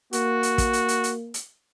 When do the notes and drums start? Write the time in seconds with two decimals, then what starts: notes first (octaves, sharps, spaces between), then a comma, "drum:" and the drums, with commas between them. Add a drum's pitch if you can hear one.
0.13 A#3 F#4, drum: hi-hat
0.43 drum: hi-hat
0.58 drum: kick, hi-hat
0.73 drum: hi-hat
0.88 drum: hi-hat
1.04 drum: hi-hat
1.34 drum: hi-hat